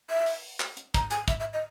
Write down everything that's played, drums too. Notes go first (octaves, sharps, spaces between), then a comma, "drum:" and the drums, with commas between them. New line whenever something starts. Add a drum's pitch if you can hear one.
E5
drum: open hi-hat
drum: clap
drum: hi-hat
A#5, drum: kick, hi-hat
G#5, drum: hi-hat
E5, drum: kick, hi-hat
E5
D#5